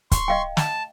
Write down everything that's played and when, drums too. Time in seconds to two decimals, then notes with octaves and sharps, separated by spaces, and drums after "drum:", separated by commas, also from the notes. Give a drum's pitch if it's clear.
0.11 C6 C#6, drum: kick, hi-hat
0.28 D#5 F5 G5
0.57 A5, drum: snare